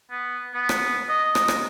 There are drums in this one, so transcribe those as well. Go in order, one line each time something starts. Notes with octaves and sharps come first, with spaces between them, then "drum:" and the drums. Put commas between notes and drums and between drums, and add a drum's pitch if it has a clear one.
B3
B3
drum: rim click
D#5
drum: rim click
drum: rim click